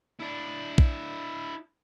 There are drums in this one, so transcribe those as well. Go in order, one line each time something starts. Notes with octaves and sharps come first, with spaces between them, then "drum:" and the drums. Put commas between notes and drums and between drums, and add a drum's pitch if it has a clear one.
D4 E4
drum: kick